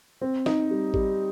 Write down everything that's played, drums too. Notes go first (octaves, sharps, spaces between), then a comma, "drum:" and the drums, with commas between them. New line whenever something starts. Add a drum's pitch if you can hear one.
C4
D#4, drum: snare
G3
G3, drum: kick G#1